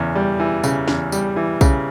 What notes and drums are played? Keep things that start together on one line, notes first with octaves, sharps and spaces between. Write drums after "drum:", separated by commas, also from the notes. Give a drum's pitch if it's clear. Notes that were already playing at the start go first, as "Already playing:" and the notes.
Already playing: E2 C#3
G3
E3
C#3, drum: tambourine
E2, drum: snare C#4
G3, drum: tambourine
E3
C#3, drum: kick B1, tambourine